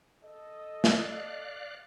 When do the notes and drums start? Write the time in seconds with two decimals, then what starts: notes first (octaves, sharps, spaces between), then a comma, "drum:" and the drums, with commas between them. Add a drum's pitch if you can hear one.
0.23 A4 D#5
0.84 D5 F5 F#6, drum: snare